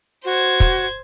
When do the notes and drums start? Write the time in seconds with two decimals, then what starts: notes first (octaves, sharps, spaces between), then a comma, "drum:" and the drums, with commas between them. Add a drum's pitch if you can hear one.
0.25 F#4 C5 G#6
0.60 drum: kick, hi-hat